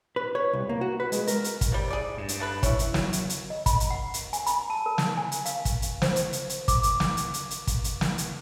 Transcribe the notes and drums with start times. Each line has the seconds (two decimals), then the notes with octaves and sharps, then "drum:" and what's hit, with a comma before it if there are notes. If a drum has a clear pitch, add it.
0.16 B4
0.35 C#5
0.53 C2
0.69 A#3
0.81 F#4
1.00 B4
1.12 G#3, drum: hi-hat
1.27 A#4, drum: hi-hat
1.44 drum: hi-hat
1.61 drum: kick, hi-hat
1.72 C3 G3
1.90 G#4 D5
2.18 G2
2.28 drum: hi-hat
2.40 A3 B3 B4
2.63 C#4 E4, drum: kick, hi-hat
2.79 drum: hi-hat
2.94 F#3, drum: snare
3.13 drum: hi-hat
3.30 drum: hi-hat
3.50 D#5
3.66 B5, drum: kick, hi-hat
3.80 drum: hi-hat
3.90 F#5
4.14 drum: hi-hat
4.33 G#5, drum: hi-hat
4.46 B5, drum: hi-hat
4.70 A5
4.86 A#4
4.98 drum: snare
5.17 G#5
5.32 drum: hi-hat
5.45 F5, drum: hi-hat
5.65 drum: kick, hi-hat
5.82 drum: hi-hat
6.02 C5, drum: snare
6.16 drum: hi-hat
6.33 drum: hi-hat
6.50 drum: hi-hat
6.68 D6, drum: kick, hi-hat
6.83 drum: hi-hat
7.00 drum: snare
7.17 drum: hi-hat
7.34 drum: hi-hat
7.51 drum: hi-hat
7.67 drum: kick, hi-hat
7.84 drum: hi-hat
8.01 drum: snare
8.18 drum: hi-hat